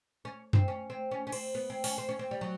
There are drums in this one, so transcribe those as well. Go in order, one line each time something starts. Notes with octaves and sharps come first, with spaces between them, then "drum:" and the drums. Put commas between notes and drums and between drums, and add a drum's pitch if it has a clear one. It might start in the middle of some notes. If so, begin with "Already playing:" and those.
C#4
C4, drum: tom F#2
C#4
C4
C#4
C#4
C4, drum: cymbal
B3
C4
C#4, drum: open hi-hat
C4
C#4
C4
G3
F#3